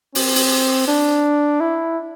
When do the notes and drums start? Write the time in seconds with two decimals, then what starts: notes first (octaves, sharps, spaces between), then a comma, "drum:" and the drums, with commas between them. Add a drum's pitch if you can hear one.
0.15 C4, drum: open hi-hat
0.35 drum: open hi-hat
0.88 D4
1.60 E4